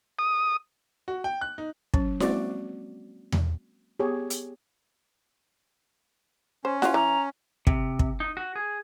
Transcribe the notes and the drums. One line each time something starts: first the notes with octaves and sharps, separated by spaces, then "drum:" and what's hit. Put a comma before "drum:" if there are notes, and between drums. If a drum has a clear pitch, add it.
D#6
F#4
G5
F#6
D#4
F#3 C#4, drum: kick
G#3 A#3 C4 F#4 D5 C#6, drum: snare E4
drum: tom E2
B3 G4 G#4 C#5
drum: hi-hat
C#4 C5
F4 F#4, drum: snare E4
E3 A#5
C3, drum: kick
drum: kick
D#4
F#4
G#4